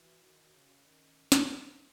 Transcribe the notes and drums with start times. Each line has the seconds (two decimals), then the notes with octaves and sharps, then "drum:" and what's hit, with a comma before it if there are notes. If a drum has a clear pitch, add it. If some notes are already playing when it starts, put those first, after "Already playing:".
Already playing: E3 F#4
0.23 D#3
0.54 C#3
0.85 D#3 C#4
1.32 B3, drum: snare